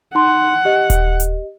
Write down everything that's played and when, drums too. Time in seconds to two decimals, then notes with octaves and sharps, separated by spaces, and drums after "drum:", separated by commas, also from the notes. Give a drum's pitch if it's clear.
0.15 D#4 F#5 C6
0.65 G4 D#5
0.90 drum: kick D#1, hi-hat
1.20 drum: hi-hat